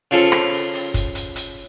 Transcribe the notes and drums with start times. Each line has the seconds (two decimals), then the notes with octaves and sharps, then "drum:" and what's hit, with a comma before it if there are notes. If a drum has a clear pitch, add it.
0.11 C#3 F3 A4, drum: open hi-hat
0.32 drum: rim click
0.53 drum: open hi-hat
0.73 drum: open hi-hat
0.94 drum: kick, hi-hat
1.15 drum: hi-hat
1.36 drum: hi-hat